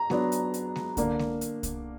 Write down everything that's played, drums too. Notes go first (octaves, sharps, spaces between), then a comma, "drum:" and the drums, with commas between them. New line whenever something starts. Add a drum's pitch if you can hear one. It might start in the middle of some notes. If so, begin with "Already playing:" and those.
Already playing: A#5
F#3 B3 D4, drum: snare G#3
drum: hi-hat
drum: hi-hat
drum: snare G#3
D3 A#3 D4, drum: kick C2, hi-hat
drum: snare G#3
drum: hi-hat
drum: kick C2, hi-hat